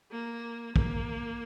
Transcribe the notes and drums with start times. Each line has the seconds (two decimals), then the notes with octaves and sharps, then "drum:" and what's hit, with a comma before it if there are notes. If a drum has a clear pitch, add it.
0.11 A#3
0.76 A#3, drum: kick